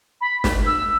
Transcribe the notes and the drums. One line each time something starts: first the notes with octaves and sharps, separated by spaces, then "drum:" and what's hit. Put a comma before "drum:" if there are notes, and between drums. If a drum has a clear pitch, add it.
B5
drum: snare
E6